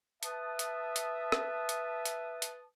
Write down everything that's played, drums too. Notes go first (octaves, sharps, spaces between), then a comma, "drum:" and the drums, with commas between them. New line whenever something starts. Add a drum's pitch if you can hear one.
B4 E5 A5 D#6, drum: hi-hat
drum: hi-hat
drum: hi-hat
drum: rim click
drum: hi-hat
drum: hi-hat
drum: hi-hat